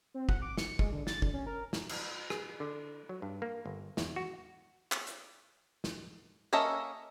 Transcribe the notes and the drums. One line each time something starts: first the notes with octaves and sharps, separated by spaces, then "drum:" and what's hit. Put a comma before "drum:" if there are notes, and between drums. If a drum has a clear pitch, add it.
C4
F#5, drum: kick
D6
C#7, drum: snare
G#3, drum: kick
D3
A6, drum: snare
D3, drum: kick
C#4
A#4
drum: snare
drum: cymbal
G#4, drum: rim click
D3
F#3
G2
A#3
G1
E2, drum: snare
F#4
drum: clap
drum: hi-hat
drum: snare
A#3 C#4 A4 D#5 E5